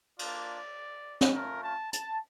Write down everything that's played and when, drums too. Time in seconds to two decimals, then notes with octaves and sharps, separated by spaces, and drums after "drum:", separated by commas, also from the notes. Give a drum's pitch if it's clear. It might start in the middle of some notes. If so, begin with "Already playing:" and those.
0.19 A#3 D4 F4 D5, drum: cymbal
1.21 drum: snare
1.34 A3 C#4 F4 A#4
1.63 A5
1.93 A5, drum: hi-hat